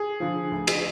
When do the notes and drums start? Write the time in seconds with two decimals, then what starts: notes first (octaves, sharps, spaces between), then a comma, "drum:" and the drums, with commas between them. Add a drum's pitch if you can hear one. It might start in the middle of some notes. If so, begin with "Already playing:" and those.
Already playing: G#4
0.20 D3 F3
0.52 D2
0.67 drum: cymbal